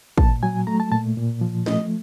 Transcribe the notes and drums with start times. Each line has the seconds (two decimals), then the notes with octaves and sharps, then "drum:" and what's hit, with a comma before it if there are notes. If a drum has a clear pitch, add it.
0.18 A#2 A5, drum: kick
0.43 F#3 G#5
0.67 A3 A#5
0.80 A5
0.92 A#2 A5
1.17 A#2
1.41 F3
1.66 A3 D#5, drum: snare